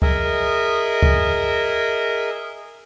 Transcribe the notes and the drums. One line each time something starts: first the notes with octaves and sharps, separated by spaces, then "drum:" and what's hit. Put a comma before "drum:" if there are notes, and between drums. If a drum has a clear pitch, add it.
G#4 A#4 D#5 E5, drum: kick
drum: kick